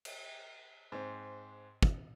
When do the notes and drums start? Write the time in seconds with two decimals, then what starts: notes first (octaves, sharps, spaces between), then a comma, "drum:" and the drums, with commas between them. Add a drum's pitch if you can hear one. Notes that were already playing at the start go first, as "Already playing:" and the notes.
0.05 drum: cymbal
0.92 G#2 C4
1.83 drum: kick